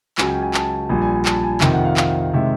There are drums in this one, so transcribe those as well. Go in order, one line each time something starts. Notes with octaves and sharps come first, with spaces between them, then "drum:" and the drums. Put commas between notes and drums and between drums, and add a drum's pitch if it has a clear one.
C#2 C#3 F#3 G#5, drum: clap
G5
G#5
A5, drum: clap
A#1 A#2 G3 G#5
G#5
A5, drum: clap
G#5
F2 C3 D#3 G5, drum: clap
F#5
F5
F5, drum: clap
C3 D#3 G#3 E5